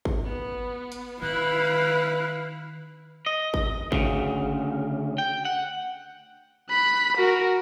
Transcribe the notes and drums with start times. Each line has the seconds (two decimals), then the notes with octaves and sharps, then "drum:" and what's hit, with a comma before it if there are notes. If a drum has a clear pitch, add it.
0.05 drum: kick G#1
0.25 B3
0.92 drum: hi-hat
1.22 D#3 E4 B4 F5 B5 F#6
3.26 D#5
3.54 drum: kick G#1
3.92 D2 C#3, drum: kick G#1
5.18 G5
5.45 F#5
6.70 B5 F#6
7.17 F#4 A#4